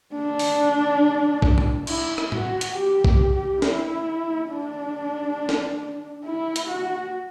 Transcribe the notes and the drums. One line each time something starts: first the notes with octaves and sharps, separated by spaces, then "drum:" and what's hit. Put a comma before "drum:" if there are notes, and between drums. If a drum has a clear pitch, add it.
D4
drum: open hi-hat
drum: kick
drum: tom
E4, drum: cymbal
drum: rim click
F#4, drum: tom
drum: hi-hat
G4
G4, drum: kick
G4
E4, drum: snare
D4
drum: snare
E4
drum: hi-hat
F#4